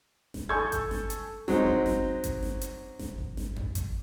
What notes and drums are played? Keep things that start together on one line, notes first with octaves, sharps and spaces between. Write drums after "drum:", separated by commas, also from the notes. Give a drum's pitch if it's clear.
drum: snare G1
A4 G#5 C#6 G6 G#6
drum: kick G#1, hi-hat
drum: snare G1
drum: hi-hat
F#3 G#3 C4 D#4, drum: snare G1
drum: kick G#1
drum: snare G1
drum: kick G#1, hi-hat
drum: snare G1
drum: hi-hat
drum: snare G1
drum: kick G#1
drum: snare G1
drum: tom F2
drum: kick G#1, hi-hat